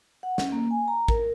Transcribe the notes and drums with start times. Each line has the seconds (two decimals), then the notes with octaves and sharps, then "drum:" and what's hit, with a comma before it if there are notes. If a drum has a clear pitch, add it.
0.23 F#5
0.38 C#4, drum: snare
0.52 A#3
0.71 G#5
0.88 A#5
1.08 A#4, drum: kick A1